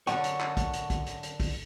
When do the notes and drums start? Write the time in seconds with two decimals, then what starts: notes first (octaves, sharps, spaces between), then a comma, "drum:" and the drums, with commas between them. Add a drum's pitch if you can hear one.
0.07 F#2 D3 A4 F#5 C#6, drum: hi-hat
0.24 drum: hi-hat
0.40 drum: clap
0.57 drum: kick, hi-hat
0.73 drum: hi-hat
0.90 drum: kick, hi-hat
1.07 drum: hi-hat
1.23 drum: hi-hat
1.40 drum: kick, open hi-hat